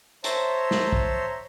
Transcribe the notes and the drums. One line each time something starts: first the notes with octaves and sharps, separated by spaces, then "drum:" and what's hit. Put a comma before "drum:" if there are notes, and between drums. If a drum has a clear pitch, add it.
C5 C#5 E5 A5 A#5 C6, drum: hi-hat
drum: snare
drum: kick